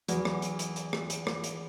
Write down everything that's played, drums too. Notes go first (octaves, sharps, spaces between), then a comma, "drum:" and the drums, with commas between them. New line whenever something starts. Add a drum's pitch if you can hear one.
E2 F#3, drum: hi-hat
drum: rim click
drum: hi-hat
drum: hi-hat
drum: hi-hat
drum: rim click
drum: hi-hat
drum: rim click
drum: hi-hat